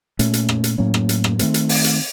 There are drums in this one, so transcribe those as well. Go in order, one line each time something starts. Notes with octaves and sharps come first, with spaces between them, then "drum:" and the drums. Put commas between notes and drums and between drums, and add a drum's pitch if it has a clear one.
A#2 A3 C#4, drum: hi-hat
drum: hi-hat
drum: rim click
drum: hi-hat
A2 F#3 A#3 C#4
drum: rim click
drum: hi-hat
drum: rim click
D#3 A3 C4, drum: hi-hat
drum: hi-hat
drum: open hi-hat
drum: hi-hat